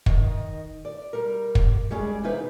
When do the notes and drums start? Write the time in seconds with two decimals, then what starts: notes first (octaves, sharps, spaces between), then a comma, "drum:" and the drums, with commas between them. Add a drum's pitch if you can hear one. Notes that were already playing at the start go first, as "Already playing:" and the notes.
0.06 D#3 D#5, drum: kick
0.85 D5
1.13 G3 A#4
1.55 drum: kick
1.91 G3 G#3 C#4 G#4 D5
2.24 C3 E3 A#3 D#4 F4 B4